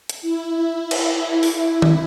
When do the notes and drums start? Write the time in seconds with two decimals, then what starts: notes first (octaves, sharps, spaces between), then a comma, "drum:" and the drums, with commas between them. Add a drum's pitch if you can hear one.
0.09 drum: hi-hat
0.22 E4
0.91 drum: cymbal
1.43 drum: open hi-hat
1.82 drum: tom D#3